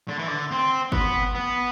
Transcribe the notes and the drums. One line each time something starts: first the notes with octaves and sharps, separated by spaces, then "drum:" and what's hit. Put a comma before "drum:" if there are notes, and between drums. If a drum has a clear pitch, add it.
D3
E3
D3
C4
B3, drum: kick G1
B3